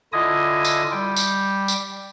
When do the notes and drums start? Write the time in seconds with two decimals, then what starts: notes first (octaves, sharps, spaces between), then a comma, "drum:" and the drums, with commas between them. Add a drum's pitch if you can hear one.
0.13 D3 E4 F4 D#5 G#5 D#6
0.65 drum: tambourine
0.92 G3 G5
1.16 drum: tambourine
1.68 drum: tambourine